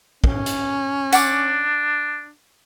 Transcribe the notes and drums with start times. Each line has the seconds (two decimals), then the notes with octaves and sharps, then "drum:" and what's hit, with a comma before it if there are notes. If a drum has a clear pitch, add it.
0.24 C#4, drum: kick
0.46 drum: hi-hat
1.13 D4 F#5 D6, drum: tambourine